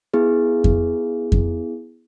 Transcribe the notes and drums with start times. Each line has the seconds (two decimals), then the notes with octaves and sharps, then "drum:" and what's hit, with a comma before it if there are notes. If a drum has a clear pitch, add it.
0.14 B3 E4 G#4
0.64 drum: kick F2
1.32 drum: kick F2